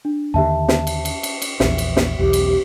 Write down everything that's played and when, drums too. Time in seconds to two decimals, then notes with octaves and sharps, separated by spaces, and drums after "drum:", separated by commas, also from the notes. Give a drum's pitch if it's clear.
0.05 D4
0.34 D#2 D3 D#3 G4 E5 A5
0.68 drum: snare
0.87 drum: cymbal
1.05 drum: cymbal
1.23 drum: cymbal
1.42 drum: cymbal
1.60 A#1 E2 E5, drum: snare
1.78 drum: cymbal
1.97 drum: snare
2.19 B1 E2 G4
2.33 drum: cymbal